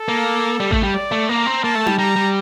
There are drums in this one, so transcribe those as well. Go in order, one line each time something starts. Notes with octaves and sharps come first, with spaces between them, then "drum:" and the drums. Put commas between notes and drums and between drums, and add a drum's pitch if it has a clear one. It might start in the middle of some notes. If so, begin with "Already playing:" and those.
Already playing: A4
A#3
G3
A3, drum: kick A1
G3
D5
A3
A#3 A#5
C4
A#3 A5
A3
G3, drum: tom D#4
G3 A#5
G3